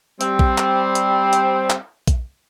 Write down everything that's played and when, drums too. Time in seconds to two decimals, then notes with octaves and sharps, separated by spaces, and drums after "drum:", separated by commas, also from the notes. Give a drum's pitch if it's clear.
0.21 G3 C4, drum: hi-hat
0.39 drum: kick A#1
0.58 drum: clap
0.95 drum: hi-hat
1.33 drum: hi-hat
1.70 drum: clap
2.07 drum: kick A#1, hi-hat